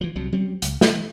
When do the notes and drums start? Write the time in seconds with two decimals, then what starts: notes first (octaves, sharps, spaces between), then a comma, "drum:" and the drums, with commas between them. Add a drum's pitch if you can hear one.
0.01 E3 F3
0.16 C2 C3 F#3
0.32 F#3 G3 C4 C#4
0.62 C#2, drum: hi-hat
0.81 E3, drum: snare